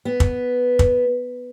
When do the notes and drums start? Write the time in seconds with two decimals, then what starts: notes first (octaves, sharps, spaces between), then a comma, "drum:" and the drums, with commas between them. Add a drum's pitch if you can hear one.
0.05 B3
0.20 drum: kick
0.79 drum: kick